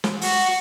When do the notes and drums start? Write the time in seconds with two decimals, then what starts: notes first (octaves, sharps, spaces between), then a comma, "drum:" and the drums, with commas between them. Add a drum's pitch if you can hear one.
0.04 drum: snare
0.21 F#4, drum: open hi-hat